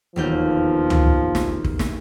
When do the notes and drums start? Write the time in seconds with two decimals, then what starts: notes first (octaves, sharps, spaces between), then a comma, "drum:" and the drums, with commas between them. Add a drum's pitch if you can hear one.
0.16 E1 D#2 F3 G6
0.90 drum: tom C#2
1.35 drum: snare
1.64 drum: kick
1.79 drum: snare